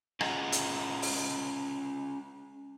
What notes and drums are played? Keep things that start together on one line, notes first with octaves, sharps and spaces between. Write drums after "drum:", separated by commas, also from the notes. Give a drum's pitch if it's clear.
C#4 F4 G#4 D#5 F#5 A#5, drum: rim click
drum: hi-hat
drum: open hi-hat